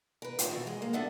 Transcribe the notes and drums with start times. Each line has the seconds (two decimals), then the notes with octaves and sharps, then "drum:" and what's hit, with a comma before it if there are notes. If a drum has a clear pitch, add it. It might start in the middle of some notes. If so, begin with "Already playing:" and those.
0.22 A#4 B4
0.39 A#2, drum: hi-hat
0.51 B2 E3 F#4 A#4
0.67 G#3
0.82 A#3
0.93 B3 D4 A4 E5 F#5